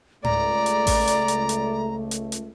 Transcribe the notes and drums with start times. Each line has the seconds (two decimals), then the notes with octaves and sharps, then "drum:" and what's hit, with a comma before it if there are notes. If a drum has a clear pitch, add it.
0.24 C#2 A3 D5 A#5, drum: tom G#2
0.66 drum: hi-hat
0.87 drum: kick A1, open hi-hat
1.07 drum: hi-hat
1.28 drum: hi-hat
1.49 drum: hi-hat
2.11 drum: hi-hat
2.32 drum: hi-hat